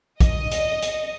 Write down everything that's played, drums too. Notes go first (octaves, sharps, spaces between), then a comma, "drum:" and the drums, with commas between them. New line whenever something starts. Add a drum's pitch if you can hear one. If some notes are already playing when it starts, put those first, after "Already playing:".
D#5, drum: kick, hi-hat
drum: hi-hat
drum: hi-hat